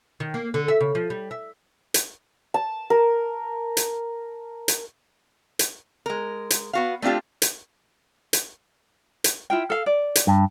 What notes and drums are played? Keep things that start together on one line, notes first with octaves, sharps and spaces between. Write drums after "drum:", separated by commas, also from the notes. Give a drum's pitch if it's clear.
D#3
A#3
D3
E5
C#3
F3
G3
E5
drum: hi-hat
A5
A#4
drum: hi-hat
drum: hi-hat
drum: hi-hat
G#3 A#4
drum: hi-hat
B3 F#4 F5
A3 C4 D4 F4 G4
drum: hi-hat
drum: hi-hat
drum: hi-hat
E4 F4 G5
A4 F5
D5
drum: hi-hat
G2